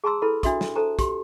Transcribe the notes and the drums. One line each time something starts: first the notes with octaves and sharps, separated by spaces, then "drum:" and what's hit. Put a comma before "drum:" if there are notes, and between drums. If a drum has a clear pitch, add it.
G#4 A5 A#5 C6 E6
E4 A4 B4 B5
D4 F#4 E5 C6 D#6, drum: kick, hi-hat
drum: snare
A4 C5 A5 A#5
G4 C6, drum: kick, hi-hat